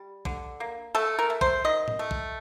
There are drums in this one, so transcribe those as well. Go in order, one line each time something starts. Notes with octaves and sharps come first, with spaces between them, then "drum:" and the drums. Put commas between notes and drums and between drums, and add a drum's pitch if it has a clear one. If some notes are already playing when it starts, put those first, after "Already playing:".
Already playing: G3
D3, drum: kick
A#3
A3 A4
A#4
A3
C5, drum: kick
D#3 D#5
drum: tom A2
A3
drum: kick